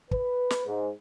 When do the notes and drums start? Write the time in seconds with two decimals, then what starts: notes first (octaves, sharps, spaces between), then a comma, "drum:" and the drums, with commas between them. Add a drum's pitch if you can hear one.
0.11 B4, drum: kick
0.50 drum: snare
0.66 G#2